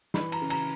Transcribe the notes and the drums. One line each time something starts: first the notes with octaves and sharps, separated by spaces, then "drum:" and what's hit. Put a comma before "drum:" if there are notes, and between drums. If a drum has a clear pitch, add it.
E3 B5, drum: snare
A#5, drum: cymbal
C#3
A#5, drum: cymbal